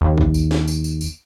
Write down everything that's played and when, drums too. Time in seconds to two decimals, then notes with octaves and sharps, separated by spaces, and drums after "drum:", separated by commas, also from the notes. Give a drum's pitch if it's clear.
0.01 D#2
0.18 drum: kick
0.34 drum: tambourine
0.51 drum: snare
0.68 drum: tambourine
0.84 drum: tambourine
1.01 drum: tambourine